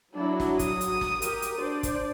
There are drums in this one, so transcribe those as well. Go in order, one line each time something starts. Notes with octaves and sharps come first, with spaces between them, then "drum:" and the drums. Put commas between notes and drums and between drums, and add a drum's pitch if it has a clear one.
F#3 D4 E4
drum: snare
D#6, drum: kick, hi-hat
drum: hi-hat
drum: snare
F#4 G4 A#4, drum: hi-hat
drum: hi-hat
D4 C5 D5
drum: kick, hi-hat